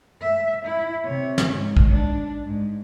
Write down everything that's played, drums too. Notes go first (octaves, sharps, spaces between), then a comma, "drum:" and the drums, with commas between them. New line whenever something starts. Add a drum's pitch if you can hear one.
E5
E4
C3 C#5
drum: snare
G#2
drum: kick A#1
D4
G#2